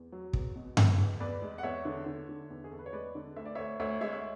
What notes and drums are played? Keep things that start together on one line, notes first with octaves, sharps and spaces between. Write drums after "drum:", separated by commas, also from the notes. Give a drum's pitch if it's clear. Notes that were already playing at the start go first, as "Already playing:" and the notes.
Already playing: E2
F#3
E2, drum: kick
B2
E2, drum: tom G2
E2
E2 B4 D5
G#3
F#5
E2 C#5 E5
D3
D3
D3
E2
G#4
E2 A4
B4
C#5
G#3 B4 D5
D3
D2 E5
D5
D2 C#5 E5
D2 C#5 E5
G#3 C#5 E5
E5